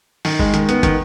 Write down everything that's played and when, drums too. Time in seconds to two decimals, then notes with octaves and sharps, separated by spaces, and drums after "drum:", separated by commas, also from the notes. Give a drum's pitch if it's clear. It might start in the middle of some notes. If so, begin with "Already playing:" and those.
0.25 D#3, drum: open hi-hat
0.39 G#3, drum: kick
0.54 D#3, drum: hi-hat
0.69 B3, drum: hi-hat
0.83 D#3, drum: kick, hi-hat